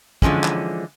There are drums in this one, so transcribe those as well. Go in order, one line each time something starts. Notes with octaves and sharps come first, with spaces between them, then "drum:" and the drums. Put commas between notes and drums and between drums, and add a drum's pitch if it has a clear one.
D3 E3 F3 G#3 C#4, drum: kick
drum: clap